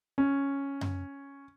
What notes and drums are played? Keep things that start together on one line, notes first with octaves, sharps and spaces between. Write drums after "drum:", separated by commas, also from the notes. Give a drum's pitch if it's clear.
C#4
drum: tom F#2